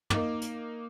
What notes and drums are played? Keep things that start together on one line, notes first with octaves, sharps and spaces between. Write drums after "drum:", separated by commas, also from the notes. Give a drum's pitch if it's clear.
A#3 D#4 D6, drum: tom
drum: hi-hat